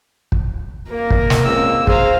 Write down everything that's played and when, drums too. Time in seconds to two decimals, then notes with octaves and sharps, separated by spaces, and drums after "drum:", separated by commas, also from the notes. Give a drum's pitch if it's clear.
0.32 drum: kick
0.91 A#3 A#4
1.10 drum: kick
1.30 drum: snare
1.44 C#2 C4 E6
1.87 G#4 C5 F5 G#5 A#5, drum: kick